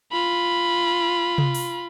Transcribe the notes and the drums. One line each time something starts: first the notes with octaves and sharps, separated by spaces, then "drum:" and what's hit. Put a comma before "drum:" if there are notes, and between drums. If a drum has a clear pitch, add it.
F4 B5
drum: tom C3
drum: open hi-hat